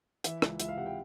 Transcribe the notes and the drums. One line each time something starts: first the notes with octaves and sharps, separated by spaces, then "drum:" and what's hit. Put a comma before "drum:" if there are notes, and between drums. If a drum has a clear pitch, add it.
E3 E5, drum: hi-hat
C#2, drum: rim click
C#2 E5, drum: hi-hat
F5
C3 F#5
G5